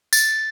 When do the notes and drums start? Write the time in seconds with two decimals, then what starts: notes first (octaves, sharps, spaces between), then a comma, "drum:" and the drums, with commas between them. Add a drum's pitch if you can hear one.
0.13 A6, drum: tambourine